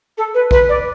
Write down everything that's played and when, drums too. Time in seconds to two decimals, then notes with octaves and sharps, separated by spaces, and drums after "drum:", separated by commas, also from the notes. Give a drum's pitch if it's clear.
0.17 A4
0.34 B4
0.51 B4, drum: kick
0.68 D5